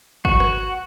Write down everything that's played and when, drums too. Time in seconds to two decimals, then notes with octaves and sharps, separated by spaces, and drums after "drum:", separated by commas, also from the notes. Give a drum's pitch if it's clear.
0.25 F#4, drum: kick G#1
0.40 drum: rim click